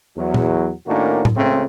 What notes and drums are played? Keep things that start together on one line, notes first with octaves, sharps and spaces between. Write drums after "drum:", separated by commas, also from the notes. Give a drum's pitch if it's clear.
E2 F#3
drum: tom A#2
A2 D#3 A#3 C#4 D4 F#4
drum: tom A2
C#2 C#3 A3 C4